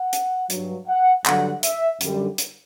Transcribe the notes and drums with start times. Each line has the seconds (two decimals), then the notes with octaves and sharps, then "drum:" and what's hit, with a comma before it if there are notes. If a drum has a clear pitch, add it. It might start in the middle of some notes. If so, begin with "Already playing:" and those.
Already playing: F#5
0.13 drum: hi-hat
0.50 G2 F#3, drum: hi-hat
0.88 F#5
1.26 G2 D3 F#3 F#5, drum: clap
1.63 E5, drum: hi-hat
2.01 F#2 D3 G3, drum: hi-hat
2.38 drum: hi-hat